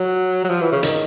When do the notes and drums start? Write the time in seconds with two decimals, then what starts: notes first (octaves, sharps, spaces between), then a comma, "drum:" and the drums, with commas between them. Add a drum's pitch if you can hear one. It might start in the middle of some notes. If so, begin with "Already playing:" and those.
Already playing: F#3
0.44 F#3
0.50 F3
0.61 E3
0.72 C#3
0.83 D#3, drum: hi-hat